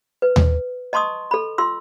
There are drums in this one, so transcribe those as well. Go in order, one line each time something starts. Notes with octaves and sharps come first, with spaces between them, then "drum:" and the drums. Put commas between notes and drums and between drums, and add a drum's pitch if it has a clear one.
B4
drum: tom D#2
D#5 A5 C6 C#6 D#6
A4 B5
F4 C6 E6